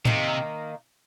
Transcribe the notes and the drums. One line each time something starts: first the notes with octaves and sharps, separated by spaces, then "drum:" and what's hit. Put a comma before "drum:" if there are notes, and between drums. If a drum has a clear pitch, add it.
C3 D#3 A#3 D#4, drum: tom A2